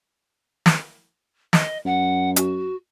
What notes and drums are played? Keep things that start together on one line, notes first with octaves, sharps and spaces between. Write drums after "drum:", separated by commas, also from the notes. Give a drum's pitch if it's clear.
drum: snare
D#5, drum: snare
F#2 F#5
F#4, drum: hi-hat